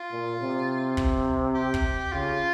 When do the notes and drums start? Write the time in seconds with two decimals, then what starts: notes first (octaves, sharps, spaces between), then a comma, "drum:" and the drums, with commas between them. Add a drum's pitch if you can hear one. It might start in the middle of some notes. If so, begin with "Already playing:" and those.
Already playing: F4
0.11 A#2
0.39 C3
0.97 drum: kick
1.55 G4
1.74 drum: kick
2.12 C#3 F4